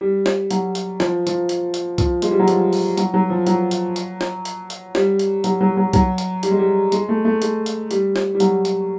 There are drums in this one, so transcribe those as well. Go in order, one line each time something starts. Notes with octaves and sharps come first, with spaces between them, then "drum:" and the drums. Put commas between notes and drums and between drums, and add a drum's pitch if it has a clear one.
G3
drum: snare
F#3, drum: hi-hat
drum: hi-hat
F3, drum: snare
F3, drum: hi-hat
drum: hi-hat
drum: hi-hat
F3, drum: kick B1, hi-hat
G#3, drum: hi-hat
G3
F#3
F3, drum: hi-hat
drum: open hi-hat
F#3, drum: hi-hat
F#3
F3
F#3, drum: hi-hat
drum: hi-hat
drum: hi-hat
drum: snare
drum: hi-hat
drum: hi-hat
G3, drum: snare
drum: hi-hat
F#3, drum: hi-hat
F#3
F#3
F#3, drum: kick B1, hi-hat
drum: hi-hat
G3, drum: hi-hat
G#3
G3
G#3, drum: hi-hat
A3
A3
G#3, drum: hi-hat
drum: hi-hat
G3, drum: hi-hat
drum: snare
G3
F#3, drum: hi-hat
drum: hi-hat